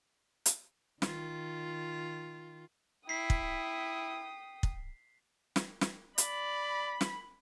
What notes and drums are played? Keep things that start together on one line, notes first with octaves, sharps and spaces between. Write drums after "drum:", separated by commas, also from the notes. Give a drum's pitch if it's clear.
drum: hi-hat
D#3 F4, drum: snare
E4 G5 D#6 B6 C7
drum: kick
drum: kick
drum: snare
drum: snare
D5 B5, drum: hi-hat
drum: snare